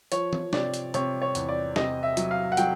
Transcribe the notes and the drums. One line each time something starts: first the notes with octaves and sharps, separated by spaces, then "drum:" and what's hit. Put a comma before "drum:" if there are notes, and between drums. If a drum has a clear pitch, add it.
F3 C#5, drum: hi-hat
drum: tom
C3 D5, drum: snare
drum: hi-hat
C3 C#5, drum: hi-hat
C#5
E2, drum: hi-hat
D5
C3 D#5, drum: snare
E5
F#3, drum: hi-hat
F5
F#5
F#3 G5, drum: hi-hat